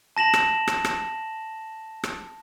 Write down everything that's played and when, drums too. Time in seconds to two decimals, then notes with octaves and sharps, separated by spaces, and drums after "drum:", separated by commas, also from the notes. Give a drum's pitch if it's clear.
0.17 A5 A#6 E7 F#7
0.34 drum: rim click
0.68 drum: rim click
0.85 drum: rim click
2.04 drum: rim click